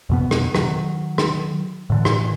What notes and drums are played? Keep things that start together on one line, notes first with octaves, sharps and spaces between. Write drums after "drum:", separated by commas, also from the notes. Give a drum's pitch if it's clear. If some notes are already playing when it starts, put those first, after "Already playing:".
F2 B2 B3
drum: rim click
D#3 F#3, drum: rim click
drum: rim click
A2 D3 E3
drum: rim click